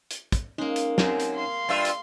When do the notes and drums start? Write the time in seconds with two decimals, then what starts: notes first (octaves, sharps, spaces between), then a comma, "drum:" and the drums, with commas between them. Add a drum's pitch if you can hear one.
0.11 drum: hi-hat
0.32 drum: kick, hi-hat
0.58 G#3 A#3 C#4 D#4
0.76 drum: hi-hat
0.98 F#2 C4 G4 G#4 A#4, drum: snare
1.20 drum: hi-hat
1.35 F5 C6
1.69 G2 F4 E5
1.85 drum: hi-hat